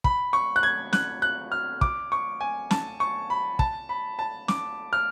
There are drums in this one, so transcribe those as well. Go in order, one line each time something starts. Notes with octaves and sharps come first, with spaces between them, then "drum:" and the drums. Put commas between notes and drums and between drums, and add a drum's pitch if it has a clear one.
B5, drum: kick
C#6
F#6
G#6
F#6, drum: snare
F#6
F6
D6, drum: kick
C#6
G#5
A5, drum: snare
C#6
B5
A5, drum: kick
B5
A5
D6, drum: snare
F6